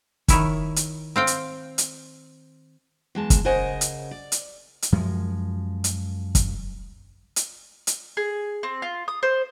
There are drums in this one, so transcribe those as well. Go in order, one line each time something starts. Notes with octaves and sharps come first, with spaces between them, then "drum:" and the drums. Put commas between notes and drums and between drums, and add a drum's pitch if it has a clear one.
D#3 E4 C#5, drum: kick, hi-hat
drum: hi-hat
C4 F5 G5
drum: hi-hat
drum: hi-hat
E2 G#3 A5
drum: kick, hi-hat
C#3 A#4 C5 D#5 F#5 G#5
drum: hi-hat
D5
drum: hi-hat
drum: hi-hat
F#2 F3 G#3
drum: hi-hat
drum: kick, hi-hat
drum: hi-hat
drum: hi-hat
G#4
C4
F4
D#6
C5